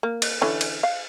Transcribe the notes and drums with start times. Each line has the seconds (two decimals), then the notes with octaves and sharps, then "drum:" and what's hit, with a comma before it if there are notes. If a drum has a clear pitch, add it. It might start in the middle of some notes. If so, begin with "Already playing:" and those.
0.03 A#3
0.22 drum: cymbal
0.41 D3 E3 C#4
0.61 drum: cymbal
0.83 F5